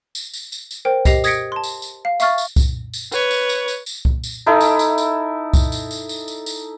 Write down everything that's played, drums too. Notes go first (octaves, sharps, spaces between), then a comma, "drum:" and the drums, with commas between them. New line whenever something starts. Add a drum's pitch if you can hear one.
drum: tambourine
drum: tambourine
drum: tambourine
drum: tambourine
A#4 C5 G5
G4 D#5 C7 F7, drum: kick C2, tambourine
D#6 G#6 A#6 B6 C#7 D7, drum: tambourine
A5 C6
drum: tambourine
drum: tambourine
F5
E5 F5 C#6 F6 A6, drum: tambourine
drum: tambourine
drum: kick C2, tambourine
drum: tambourine
B4 C#5, drum: tambourine
drum: tambourine
drum: tambourine
drum: tambourine
drum: tambourine
drum: kick C2
drum: tambourine
D#4 E4 A4
drum: tambourine
drum: tambourine
drum: tambourine
drum: kick C2, tambourine
drum: tambourine
drum: tambourine
drum: tambourine
drum: tambourine
drum: tambourine